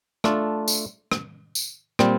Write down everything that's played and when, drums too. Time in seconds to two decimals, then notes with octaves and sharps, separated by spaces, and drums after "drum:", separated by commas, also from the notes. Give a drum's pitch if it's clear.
0.24 A3 D4 F4 A4, drum: rim click
0.68 drum: tambourine
1.11 drum: rim click
1.55 drum: tambourine
1.99 A#2 G3 C4, drum: rim click